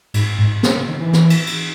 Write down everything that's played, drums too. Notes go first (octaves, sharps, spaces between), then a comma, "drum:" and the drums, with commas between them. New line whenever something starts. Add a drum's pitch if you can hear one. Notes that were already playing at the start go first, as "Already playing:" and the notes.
G#2, drum: cymbal
G#2
B2, drum: snare
C#3
D#3
E3
drum: snare
drum: cymbal
drum: cymbal